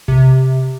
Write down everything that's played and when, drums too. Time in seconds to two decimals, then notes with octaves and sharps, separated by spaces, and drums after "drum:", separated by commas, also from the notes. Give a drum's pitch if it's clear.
0.08 C3, drum: kick A1